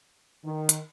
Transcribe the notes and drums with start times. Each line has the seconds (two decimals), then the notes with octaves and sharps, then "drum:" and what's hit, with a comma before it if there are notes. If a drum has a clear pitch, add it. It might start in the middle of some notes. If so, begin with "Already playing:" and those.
0.44 D#3
0.69 drum: hi-hat